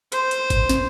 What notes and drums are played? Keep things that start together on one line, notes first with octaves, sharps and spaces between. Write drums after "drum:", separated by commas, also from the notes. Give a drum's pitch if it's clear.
C5, drum: hi-hat
drum: hi-hat
drum: kick G#1, hi-hat
drum: snare